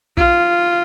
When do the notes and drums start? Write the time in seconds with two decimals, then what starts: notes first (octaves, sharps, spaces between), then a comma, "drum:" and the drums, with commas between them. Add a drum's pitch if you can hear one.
0.17 F4, drum: kick A#1